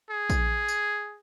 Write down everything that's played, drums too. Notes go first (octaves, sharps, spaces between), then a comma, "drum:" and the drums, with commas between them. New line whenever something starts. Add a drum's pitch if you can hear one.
G#4
drum: kick A#1, tambourine
drum: tambourine